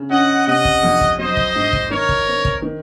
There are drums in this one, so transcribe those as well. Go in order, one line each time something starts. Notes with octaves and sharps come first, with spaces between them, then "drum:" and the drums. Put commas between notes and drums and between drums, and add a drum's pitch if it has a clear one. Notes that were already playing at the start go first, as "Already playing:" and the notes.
Already playing: C#3
C#4 D#5 F#5
C3 D#5 F#5
drum: kick
F2
drum: kick
F#3 C5 D#5
drum: kick
G#2
drum: kick
D#3 A#4 C#5
drum: kick
C4
drum: kick
D#3